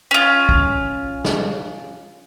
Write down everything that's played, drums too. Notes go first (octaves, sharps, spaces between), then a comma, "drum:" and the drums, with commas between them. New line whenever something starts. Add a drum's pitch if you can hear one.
C#4 F4
drum: kick
drum: snare